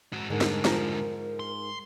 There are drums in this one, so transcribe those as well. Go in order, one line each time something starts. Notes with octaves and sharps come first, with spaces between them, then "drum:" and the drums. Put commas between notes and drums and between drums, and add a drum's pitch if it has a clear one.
G#2 F#4
G#2 D3 G#3 A#4
drum: snare
F3 A#5, drum: snare
C6